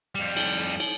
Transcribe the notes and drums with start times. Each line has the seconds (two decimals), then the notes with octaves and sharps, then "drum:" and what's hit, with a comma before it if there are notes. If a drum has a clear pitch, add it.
0.15 F2 G3
0.37 drum: cymbal
0.80 drum: cymbal